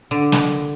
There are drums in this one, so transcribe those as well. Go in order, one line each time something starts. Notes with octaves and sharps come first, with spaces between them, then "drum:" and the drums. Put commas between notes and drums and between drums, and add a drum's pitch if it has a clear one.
D3
drum: snare